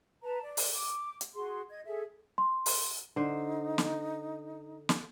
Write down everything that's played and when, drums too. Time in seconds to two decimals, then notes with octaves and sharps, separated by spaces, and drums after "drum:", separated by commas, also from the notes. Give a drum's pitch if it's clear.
0.23 B4 A5 A#5
0.41 D5
0.57 drum: open hi-hat
0.74 D6
1.21 drum: hi-hat
1.34 F#4 G#4 C6
1.70 D#5 G#6
1.86 G#4 A4 E5
2.38 C6
2.66 drum: open hi-hat
3.16 D3 D#4 C5
3.78 drum: snare
4.89 drum: snare